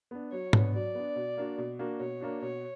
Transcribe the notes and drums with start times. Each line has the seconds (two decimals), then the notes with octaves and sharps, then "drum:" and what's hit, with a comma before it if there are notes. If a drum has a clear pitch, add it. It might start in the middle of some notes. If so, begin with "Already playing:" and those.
0.11 B3 D4
0.32 F#3 C#5
0.53 B3 D4, drum: tom G#2
0.74 F#3 D5
0.95 B3 D4
1.16 B2
1.37 A#3 D4 F#4
1.58 B2
1.79 A#3 D4 F#4
2.00 B2 C#5
2.21 A#3 D4 F#4
2.42 B2 C#5